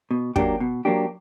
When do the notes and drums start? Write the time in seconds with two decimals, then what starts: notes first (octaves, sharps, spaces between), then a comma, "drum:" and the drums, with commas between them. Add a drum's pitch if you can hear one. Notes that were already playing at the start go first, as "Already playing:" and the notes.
0.11 B2
0.36 F#3 A#3 D4 G4, drum: kick
0.60 B2
0.85 F#3 A#3 D4 G4